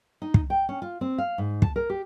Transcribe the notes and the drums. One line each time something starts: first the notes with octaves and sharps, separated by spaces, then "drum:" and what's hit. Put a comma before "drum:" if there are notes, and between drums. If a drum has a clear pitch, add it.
D#4
drum: kick
G5
C#4
F4
C4
F5
G#2
A5, drum: kick
A#4
G4